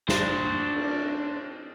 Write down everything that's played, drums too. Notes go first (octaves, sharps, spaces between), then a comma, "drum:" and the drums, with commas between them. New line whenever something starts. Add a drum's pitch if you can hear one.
D4 C5, drum: snare
drum: cymbal